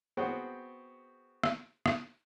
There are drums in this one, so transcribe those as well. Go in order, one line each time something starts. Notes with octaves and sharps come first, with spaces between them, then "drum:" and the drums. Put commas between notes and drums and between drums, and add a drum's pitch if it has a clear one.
B3 C4 F#4 G#4 F#5 G5
drum: rim click
drum: rim click